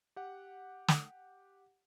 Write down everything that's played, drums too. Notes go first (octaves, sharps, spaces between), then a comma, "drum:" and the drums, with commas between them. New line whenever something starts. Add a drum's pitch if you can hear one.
G4 F#5
drum: snare